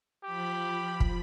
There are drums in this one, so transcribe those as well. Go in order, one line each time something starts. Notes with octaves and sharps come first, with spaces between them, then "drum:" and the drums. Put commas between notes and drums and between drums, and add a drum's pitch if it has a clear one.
F3 G4 B5
drum: kick